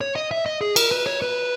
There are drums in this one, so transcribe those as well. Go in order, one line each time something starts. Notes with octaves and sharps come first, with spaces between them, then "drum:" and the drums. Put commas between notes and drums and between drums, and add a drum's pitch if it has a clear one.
C#5
D#5
E5
D#5
G#4
A#4, drum: cymbal
B4
C#5
B4